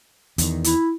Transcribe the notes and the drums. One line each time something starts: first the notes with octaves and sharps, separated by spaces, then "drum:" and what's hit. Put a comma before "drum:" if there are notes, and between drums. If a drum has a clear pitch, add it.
E2 D#3, drum: hi-hat
E4, drum: hi-hat